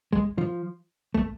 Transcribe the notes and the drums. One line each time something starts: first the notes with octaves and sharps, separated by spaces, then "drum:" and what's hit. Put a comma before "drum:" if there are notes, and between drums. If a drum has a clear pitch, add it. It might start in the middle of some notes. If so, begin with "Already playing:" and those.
G#3, drum: kick
F3
A3, drum: kick